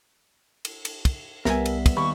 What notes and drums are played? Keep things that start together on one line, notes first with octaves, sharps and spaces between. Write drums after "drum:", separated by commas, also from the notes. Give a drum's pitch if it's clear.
drum: cymbal
drum: cymbal
drum: kick, cymbal
C2 G3 B3 A#4 E5 G#5, drum: snare
drum: cymbal
drum: kick, cymbal
D#2 B5 C#6